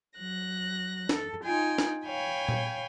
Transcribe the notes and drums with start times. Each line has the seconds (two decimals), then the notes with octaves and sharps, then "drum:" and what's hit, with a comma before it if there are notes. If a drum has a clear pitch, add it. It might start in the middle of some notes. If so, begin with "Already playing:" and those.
0.18 F#3 F#6 A#6
1.09 A4, drum: snare
1.43 D#4 F4 G5 G#5
1.78 drum: snare
2.04 C#5 F5 G5 G#5 B5
2.48 drum: tom A#2